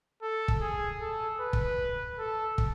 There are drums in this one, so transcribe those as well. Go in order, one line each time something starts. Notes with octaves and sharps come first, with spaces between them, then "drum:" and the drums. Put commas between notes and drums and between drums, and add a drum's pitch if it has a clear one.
A4
drum: kick
G#4
A4
B4
drum: kick
A4
drum: kick